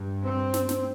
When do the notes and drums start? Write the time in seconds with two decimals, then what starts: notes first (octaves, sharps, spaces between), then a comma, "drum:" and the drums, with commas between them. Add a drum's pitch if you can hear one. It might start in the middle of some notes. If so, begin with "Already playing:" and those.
Already playing: G2
0.23 C4
0.54 drum: snare
0.69 drum: snare